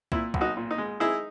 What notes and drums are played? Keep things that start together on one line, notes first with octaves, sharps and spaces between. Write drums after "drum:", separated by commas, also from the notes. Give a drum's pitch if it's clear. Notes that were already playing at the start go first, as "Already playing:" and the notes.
A#2 E4, drum: kick
B1, drum: kick
D#4 F#4
A#2
D#4
G#3
D#4 E4 G#4